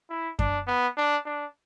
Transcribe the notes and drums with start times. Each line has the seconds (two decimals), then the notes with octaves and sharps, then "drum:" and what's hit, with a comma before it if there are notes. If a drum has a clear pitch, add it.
0.10 E4
0.39 D4, drum: kick F#2
0.67 B3
0.97 D4
1.25 D4